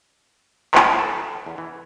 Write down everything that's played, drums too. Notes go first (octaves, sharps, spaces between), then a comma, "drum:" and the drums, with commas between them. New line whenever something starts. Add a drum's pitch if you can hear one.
A#4, drum: clap
A4
E2
E3